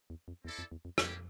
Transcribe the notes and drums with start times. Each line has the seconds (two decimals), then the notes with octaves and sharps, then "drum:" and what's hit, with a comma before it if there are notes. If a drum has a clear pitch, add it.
0.10 E2
0.28 F2
0.45 E2 C4 E4 A4 D5
0.58 F2
0.72 E2
0.85 F2
0.98 F2 G3 A#3 E4 G4, drum: rim click